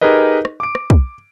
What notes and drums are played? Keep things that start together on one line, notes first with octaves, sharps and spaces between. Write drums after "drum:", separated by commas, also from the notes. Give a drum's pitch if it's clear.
D#4 G4 G#4 A#4 B4 D#5
drum: rim click
D6 D7
drum: rim click
drum: kick